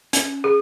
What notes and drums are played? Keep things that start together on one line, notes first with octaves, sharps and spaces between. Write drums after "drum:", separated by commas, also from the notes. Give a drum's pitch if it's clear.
C#4, drum: hi-hat
G#4